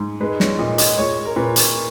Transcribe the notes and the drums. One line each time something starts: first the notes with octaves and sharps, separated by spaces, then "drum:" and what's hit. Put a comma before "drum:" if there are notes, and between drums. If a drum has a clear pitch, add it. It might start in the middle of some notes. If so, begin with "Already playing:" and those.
Already playing: G#2
G#3 B4
C#5, drum: snare
A#2 D#5
D#5, drum: hi-hat
G#3 C#5
A#4
A#2 B4
drum: hi-hat